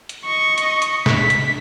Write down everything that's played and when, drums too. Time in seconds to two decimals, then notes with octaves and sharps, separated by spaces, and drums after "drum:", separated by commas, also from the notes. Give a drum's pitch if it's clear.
0.09 drum: hi-hat
0.25 D#5 C#6
0.58 drum: hi-hat
0.82 drum: hi-hat
1.06 D4 B6, drum: snare
1.30 drum: hi-hat